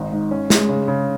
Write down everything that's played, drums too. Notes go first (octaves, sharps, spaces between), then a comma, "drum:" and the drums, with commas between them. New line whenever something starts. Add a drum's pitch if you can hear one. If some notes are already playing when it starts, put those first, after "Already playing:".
Already playing: G#1 D#4
G#2
C#4
G#3, drum: snare
C#3
C#3